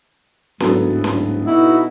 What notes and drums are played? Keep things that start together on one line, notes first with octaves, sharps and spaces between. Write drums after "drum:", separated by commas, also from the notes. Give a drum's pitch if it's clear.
D1 G#2 F#3 B3 A4, drum: snare C#4
drum: snare C#4
B2 D#4 E4 F#4